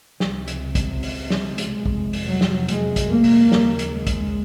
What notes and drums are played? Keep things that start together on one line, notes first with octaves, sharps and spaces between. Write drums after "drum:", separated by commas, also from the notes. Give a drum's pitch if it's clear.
C#2 C3, drum: snare
drum: hi-hat
drum: kick, hi-hat
drum: open hi-hat
drum: snare
G#3
drum: hi-hat
F2 C3, drum: kick
drum: open hi-hat
F#3
drum: snare
G#3, drum: hi-hat
drum: kick, hi-hat
A#3
drum: open hi-hat
D#2 C#3, drum: snare
drum: hi-hat
G#3
drum: kick, hi-hat